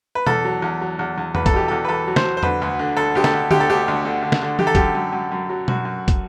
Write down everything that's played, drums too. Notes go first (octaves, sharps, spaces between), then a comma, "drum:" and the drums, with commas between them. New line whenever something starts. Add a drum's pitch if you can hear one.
B4
E2 A4, drum: tom B2
F#3
E2
F#3
E2
E2
E2 B4, drum: tom E2
A4, drum: kick, hi-hat
B2 G4
E2 A4
B4
E2 A4
F#3
C5, drum: snare
F#3
C5
D3 B4, drum: tom E2
D2
D3
D2 A4
D2 G4
A4, drum: snare
D2
D2 G4, drum: tom D3
A4
D2 G4
D2
D3
D3
drum: snare
D3
D3 G4, drum: tom E3
A4
F#2 G4, drum: kick, hi-hat
F#2
F#2
F#2
F#3
F#2 F#4, drum: tom B2
F#2
drum: kick, hi-hat